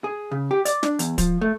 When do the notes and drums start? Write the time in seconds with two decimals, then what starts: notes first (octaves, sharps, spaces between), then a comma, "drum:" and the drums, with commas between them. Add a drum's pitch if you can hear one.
0.04 G#4
0.31 C#3
0.51 G4
0.65 D5, drum: hi-hat
0.83 D4, drum: snare
0.99 E2, drum: hi-hat
1.18 F3, drum: kick, hi-hat
1.41 A3